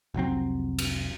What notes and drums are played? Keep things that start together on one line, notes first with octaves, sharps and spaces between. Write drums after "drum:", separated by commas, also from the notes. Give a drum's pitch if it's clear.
F1 C2 F#3 C4
drum: cymbal